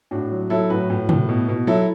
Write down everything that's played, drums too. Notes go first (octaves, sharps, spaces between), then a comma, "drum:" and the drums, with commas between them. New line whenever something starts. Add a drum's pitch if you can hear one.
A2 D4 F#4
F#3
F#3 E4 A4
A2 F#4 B4
A2
A2, drum: tom
B2
B2
F#3 E4 A4